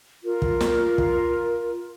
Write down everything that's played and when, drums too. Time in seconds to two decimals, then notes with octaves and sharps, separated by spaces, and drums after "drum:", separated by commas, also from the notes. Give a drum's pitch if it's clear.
0.23 F4 A#4
0.42 drum: kick
0.61 drum: snare
0.98 drum: kick